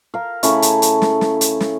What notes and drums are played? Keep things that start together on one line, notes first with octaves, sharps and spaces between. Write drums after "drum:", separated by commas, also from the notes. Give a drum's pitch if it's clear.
A#4 F5
C#3 A3 E4 C#5, drum: hi-hat
drum: hi-hat
drum: hi-hat
drum: snare
drum: snare
drum: hi-hat
drum: snare